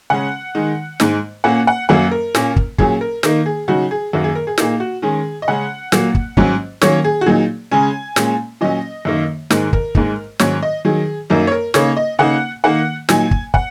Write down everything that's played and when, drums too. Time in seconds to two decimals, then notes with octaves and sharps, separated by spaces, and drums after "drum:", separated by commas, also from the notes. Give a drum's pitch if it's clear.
0.10 C#3 G#3 C#4 F#5
0.55 D#3 G#3 D#4
1.00 G#2 G#3 D#4, drum: snare
1.44 A#2 A#3 C#4 F#5
1.67 F#5
1.89 F#2 F#3 A#3 C#4 F#5
2.11 A#4
2.35 A#2 A#3 C#4, drum: snare
2.56 drum: kick
2.78 A#2 F#3 C#4 G#4, drum: kick
3.01 A#4
3.23 D#3 A#3 D#4 A#4, drum: snare
3.46 G#4
3.68 C#3 F#3 D#4 F#4
3.91 G#4
4.13 F#2 D#3 A#3 F#4
4.24 G#4
4.35 A#4
4.47 G#4
4.58 A#2 A#3 D#4 G#4, drum: snare
4.80 F#4
5.02 D#3 G#3 C#4 G#4
5.42 D#5
5.48 C#3 G#3 C#4 F#5
5.92 A#2 F#3 A#3, drum: snare
6.15 drum: kick
6.37 G#2 F#3 C#4, drum: kick
6.82 D#3 F#3 A#3 C#4 C#5, drum: snare
7.04 G#4
7.21 F#4
7.26 A#2 F#3 D#4 G#4
7.71 C#3 G#3 C#4 G#5
8.16 A#2 G#3 C#4, drum: snare
8.61 A#2 F#3 C#4 D#5
9.05 F#2 D#3 A#3 D#4
9.51 G#2 D#3 G#3 D#4 A#4, drum: snare
9.73 A#4, drum: kick
9.95 G#2 G#3 D#4, drum: kick
10.39 G#2 D#3 F#3 C#4 C#5, drum: snare
10.63 D#5
10.85 D#3 F#3 D#4 G#4
11.30 F#2 F#3 A#3 D#4 A#4
11.47 C#5
11.52 A#4
11.74 C#3 A#3 D#4 C#5, drum: snare
11.97 D#5
12.19 C#3 A#3 D#4 F#5
12.64 D#3 A#3 D#4 F#5
13.09 A#2 F#3 D#4 G#5, drum: snare
13.31 drum: kick
13.54 F#5, drum: kick